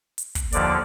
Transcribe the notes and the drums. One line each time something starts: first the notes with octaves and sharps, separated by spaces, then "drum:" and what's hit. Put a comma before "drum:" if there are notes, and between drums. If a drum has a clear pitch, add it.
drum: hi-hat
drum: kick, hi-hat
D#2 D3 F3 D5, drum: hi-hat